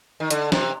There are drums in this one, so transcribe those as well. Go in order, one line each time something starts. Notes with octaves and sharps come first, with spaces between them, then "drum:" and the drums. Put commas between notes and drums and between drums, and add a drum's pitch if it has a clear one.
D#3
D3, drum: hi-hat
C3, drum: snare